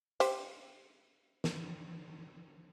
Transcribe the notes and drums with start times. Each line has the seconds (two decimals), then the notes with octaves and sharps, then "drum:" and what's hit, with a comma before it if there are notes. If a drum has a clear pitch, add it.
0.20 G4 C5, drum: hi-hat
1.44 drum: snare